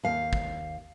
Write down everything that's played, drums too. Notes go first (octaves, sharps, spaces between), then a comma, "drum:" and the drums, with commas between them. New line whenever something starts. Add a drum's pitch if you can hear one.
D#2 F5
drum: kick